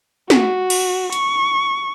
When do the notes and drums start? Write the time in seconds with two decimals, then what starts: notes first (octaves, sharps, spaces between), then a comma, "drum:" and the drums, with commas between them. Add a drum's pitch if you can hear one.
0.30 F#4, drum: snare
0.70 drum: cymbal
1.13 C#6, drum: hi-hat